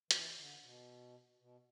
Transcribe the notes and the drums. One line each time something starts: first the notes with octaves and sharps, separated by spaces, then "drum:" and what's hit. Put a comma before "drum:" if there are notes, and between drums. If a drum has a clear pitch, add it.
E3, drum: hi-hat
D3
B2
B2